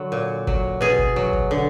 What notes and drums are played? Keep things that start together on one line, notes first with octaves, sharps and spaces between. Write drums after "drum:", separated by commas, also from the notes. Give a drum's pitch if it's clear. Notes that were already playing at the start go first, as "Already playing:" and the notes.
Already playing: D3 F#3
A#2
F#3, drum: kick
B2 G#4
drum: kick
F#3
drum: kick
D3